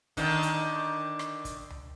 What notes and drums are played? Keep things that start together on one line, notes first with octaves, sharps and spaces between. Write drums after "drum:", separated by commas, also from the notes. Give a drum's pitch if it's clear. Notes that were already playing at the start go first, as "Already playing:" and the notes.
D3 D#3, drum: kick, hi-hat
drum: hi-hat
drum: rim click
drum: kick, hi-hat
drum: tom C#2